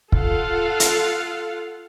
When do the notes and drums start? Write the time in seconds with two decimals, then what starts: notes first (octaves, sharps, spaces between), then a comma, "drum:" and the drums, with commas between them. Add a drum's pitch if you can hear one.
0.12 F4 A4 F5 F#5, drum: kick
0.80 drum: hi-hat